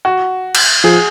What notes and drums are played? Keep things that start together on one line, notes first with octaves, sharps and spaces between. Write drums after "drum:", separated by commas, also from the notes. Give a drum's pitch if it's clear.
F#4
drum: cymbal
F3 G#4